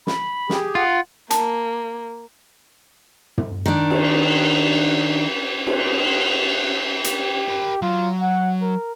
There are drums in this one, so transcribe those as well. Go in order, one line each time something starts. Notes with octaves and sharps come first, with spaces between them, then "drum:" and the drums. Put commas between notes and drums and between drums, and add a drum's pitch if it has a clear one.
B5, drum: snare
G4 G#4, drum: snare
F4 F#5
A#3 A5, drum: hi-hat
drum: tom
D#3 D4
drum: cymbal
drum: cymbal
G4, drum: hi-hat
A#4 B5
F#3 F4
F#5
A#4